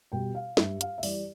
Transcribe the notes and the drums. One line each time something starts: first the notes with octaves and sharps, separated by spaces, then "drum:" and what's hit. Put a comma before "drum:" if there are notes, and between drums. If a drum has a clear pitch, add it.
B2 G3 G5
F5
G2 E5, drum: snare
F5, drum: hi-hat
E5
E3 G3 D5, drum: open hi-hat